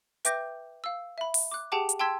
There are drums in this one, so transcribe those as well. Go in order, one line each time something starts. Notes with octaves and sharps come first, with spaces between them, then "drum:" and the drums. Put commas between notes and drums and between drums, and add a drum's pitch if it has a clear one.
B4 E5 G5 D6 G6 A#6, drum: hi-hat
F5 E6
E5 B5
drum: open hi-hat
D6 F#6
G4 G#4 F#5 G5 A5 D6
drum: hi-hat
G5 A5 C6 E6 G#6 B6